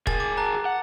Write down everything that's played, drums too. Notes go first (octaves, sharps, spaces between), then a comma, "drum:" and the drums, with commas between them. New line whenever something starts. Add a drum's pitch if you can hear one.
G#4 A#4 G#5 A6, drum: kick D#1
D6
A5 A#5 F#6
F#5